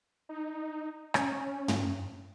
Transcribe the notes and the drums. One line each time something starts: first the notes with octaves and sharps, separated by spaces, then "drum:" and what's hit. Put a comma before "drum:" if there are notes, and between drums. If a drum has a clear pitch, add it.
D#4
C#4, drum: rim click
drum: tom